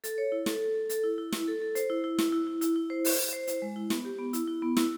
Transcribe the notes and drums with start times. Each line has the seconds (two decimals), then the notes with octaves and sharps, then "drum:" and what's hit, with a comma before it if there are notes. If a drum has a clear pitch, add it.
0.04 A4, drum: hi-hat
0.18 C#5
0.32 E4
0.46 A4, drum: snare
0.61 A4
0.75 A4
0.90 A4, drum: hi-hat
1.03 E4
1.18 E4
1.32 E4, drum: snare
1.47 A4
1.62 A4
1.75 C5, drum: hi-hat
1.90 E4
2.04 E4
2.19 E4, drum: snare
2.32 E4
2.47 E4
2.61 E4, drum: hi-hat
2.76 E4
2.90 C5
3.05 C5, drum: open hi-hat
3.19 C5
3.33 C5
3.47 E4, drum: hi-hat
3.62 G#3
3.76 E4
3.90 B3, drum: snare
4.05 G4
4.19 B3
4.33 E4, drum: hi-hat
4.48 E4
4.62 B3
4.77 E4, drum: snare